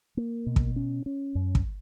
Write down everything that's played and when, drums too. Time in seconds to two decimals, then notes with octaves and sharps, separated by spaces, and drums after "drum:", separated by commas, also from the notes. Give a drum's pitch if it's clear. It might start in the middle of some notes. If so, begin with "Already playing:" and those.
0.17 A#3
0.46 B2
0.56 drum: kick
0.76 C#4
1.06 C#4
1.35 F#2
1.55 drum: kick